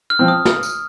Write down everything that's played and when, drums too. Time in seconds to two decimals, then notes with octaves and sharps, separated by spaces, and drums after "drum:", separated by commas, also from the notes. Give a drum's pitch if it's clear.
0.10 F6
0.19 F3 C4
0.28 D#6
0.45 drum: snare
0.63 drum: tambourine